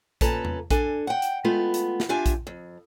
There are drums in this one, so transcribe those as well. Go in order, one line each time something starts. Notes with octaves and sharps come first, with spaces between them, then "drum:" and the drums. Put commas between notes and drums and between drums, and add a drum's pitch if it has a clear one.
A#2 C#4 A4 B4 A5 A#5, drum: kick A#1, hi-hat
drum: tom E2
D4 A4 G#5, drum: kick A#1, hi-hat
F#5 G5
drum: hi-hat
G#3 A3 B3 F4
drum: hi-hat
drum: snare
D4 F4 G4 E5 G#5
drum: kick A#1, hi-hat
F2